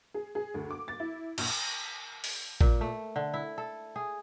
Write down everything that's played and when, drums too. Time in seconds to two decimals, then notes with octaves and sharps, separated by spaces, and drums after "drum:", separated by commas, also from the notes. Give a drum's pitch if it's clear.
0.14 G#4
0.35 G#4
0.54 D2
0.71 D6
0.88 A6
1.00 E4
1.38 A#1, drum: cymbal
2.24 drum: open hi-hat
2.61 A#2, drum: kick A1
2.81 A3
3.16 D3
3.34 E4
3.58 A4
3.96 G#4